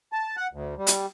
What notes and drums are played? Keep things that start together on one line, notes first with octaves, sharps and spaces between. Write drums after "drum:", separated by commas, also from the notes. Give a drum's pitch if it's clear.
A5
F#5
D2
G3
drum: hi-hat